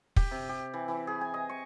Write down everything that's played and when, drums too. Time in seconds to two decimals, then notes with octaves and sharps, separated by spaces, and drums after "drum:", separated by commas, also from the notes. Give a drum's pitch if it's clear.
0.16 G4, drum: kick
0.31 C3
0.49 G4
0.74 E3
0.88 E3
1.07 G#4
1.21 G#5
1.34 D#5
1.49 C#6